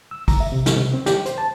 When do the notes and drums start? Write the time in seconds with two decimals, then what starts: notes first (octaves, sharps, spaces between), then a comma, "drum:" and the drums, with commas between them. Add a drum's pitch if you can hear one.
0.11 E6
0.28 A#5, drum: kick, open hi-hat
0.40 E5
0.52 C3
0.66 drum: snare
0.76 C3
0.94 C4
1.06 G4, drum: snare
1.26 C5, drum: hi-hat
1.38 A5